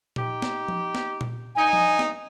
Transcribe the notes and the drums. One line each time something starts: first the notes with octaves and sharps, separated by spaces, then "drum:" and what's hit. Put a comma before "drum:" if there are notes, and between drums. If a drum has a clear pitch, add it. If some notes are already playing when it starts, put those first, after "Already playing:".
D#4 G4, drum: tom A#2
drum: snare
drum: tom F3
drum: snare
drum: tom A#2
G2 D#4 G#5
drum: tom F3
drum: snare